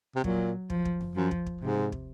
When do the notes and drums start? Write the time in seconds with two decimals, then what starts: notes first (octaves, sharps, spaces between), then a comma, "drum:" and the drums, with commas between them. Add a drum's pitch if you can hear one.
0.15 C3
0.24 A#2 F#3, drum: kick
0.70 F3, drum: kick
0.85 drum: kick
1.01 drum: tom F2
1.15 F#2 F3
1.31 drum: kick
1.46 drum: kick
1.61 G#2 C3
1.92 drum: kick